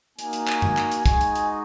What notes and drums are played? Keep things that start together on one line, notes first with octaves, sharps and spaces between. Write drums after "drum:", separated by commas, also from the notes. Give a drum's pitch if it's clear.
A#3 D#4 F#4 G#5, drum: hi-hat
drum: hi-hat
drum: clap
drum: tom F#2
drum: clap
drum: hi-hat
G#3 D#4 F#4 G#5, drum: kick, hi-hat
drum: hi-hat
drum: hi-hat